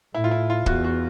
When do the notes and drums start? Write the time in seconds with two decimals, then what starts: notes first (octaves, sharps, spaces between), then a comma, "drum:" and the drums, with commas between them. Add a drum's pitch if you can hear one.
0.15 A2 E4
0.24 F4
0.31 E4
0.50 F4
0.66 E2 F#4, drum: kick
0.84 F#4